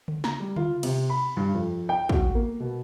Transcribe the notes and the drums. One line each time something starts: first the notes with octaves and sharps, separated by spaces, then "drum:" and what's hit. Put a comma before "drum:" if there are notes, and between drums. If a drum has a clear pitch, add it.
drum: tom C#3
A#5, drum: snare
G3
F4, drum: tom C#3
C3, drum: cymbal
B5
G2
F2
G5
F#4, drum: kick
A#3
B2